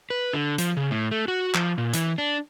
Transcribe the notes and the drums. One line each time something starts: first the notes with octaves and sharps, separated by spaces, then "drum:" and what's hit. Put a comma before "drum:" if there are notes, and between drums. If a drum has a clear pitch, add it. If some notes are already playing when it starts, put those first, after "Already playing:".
B4
D3
F3, drum: hi-hat
C#3
A2
A3
F#4
F3, drum: clap
A#2
E3, drum: hi-hat
D4